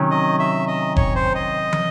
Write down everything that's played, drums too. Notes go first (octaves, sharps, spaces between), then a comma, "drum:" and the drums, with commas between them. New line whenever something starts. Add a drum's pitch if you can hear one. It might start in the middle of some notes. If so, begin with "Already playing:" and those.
Already playing: C3 D#3 F#3 C#4
D#5
E5
D#5
C#5, drum: kick F1
C5
D#5
drum: tom